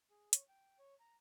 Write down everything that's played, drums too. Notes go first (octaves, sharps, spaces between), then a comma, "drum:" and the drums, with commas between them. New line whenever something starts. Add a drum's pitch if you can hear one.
G#4
C#5, drum: hi-hat
G5
C#5
A#5